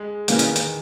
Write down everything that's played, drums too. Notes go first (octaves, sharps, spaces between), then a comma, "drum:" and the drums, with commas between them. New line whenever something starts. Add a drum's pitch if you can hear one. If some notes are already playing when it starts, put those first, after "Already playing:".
Already playing: G#3
B2 E3 A#3 C#4 E4, drum: hi-hat
D#3, drum: hi-hat
drum: hi-hat